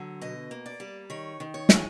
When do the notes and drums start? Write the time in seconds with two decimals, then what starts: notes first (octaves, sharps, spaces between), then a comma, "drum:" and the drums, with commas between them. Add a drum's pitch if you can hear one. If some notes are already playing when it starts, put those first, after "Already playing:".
Already playing: D3 F#3
0.22 B2 D#5
0.51 A#3
0.66 D5
0.80 G3
1.10 D#3 C#5
1.40 D#3
1.54 C#5
1.69 G#3, drum: snare